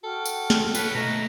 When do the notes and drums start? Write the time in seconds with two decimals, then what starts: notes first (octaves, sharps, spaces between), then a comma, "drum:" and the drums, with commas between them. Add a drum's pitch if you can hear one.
0.04 F#4 A4 G5 F6
0.25 drum: tambourine
0.50 drum: snare
0.75 F4 B4 C#5, drum: tambourine
0.95 B2 A3 D#5 A#5 C#6